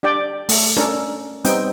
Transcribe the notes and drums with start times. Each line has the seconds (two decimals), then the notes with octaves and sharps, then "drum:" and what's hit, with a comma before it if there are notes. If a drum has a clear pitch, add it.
0.03 D4 G4 D5 G5
0.49 A3, drum: open hi-hat
0.77 C#4 D4 A4 A#4, drum: snare D4
1.45 G3 B3 C4 D#4 G5, drum: hi-hat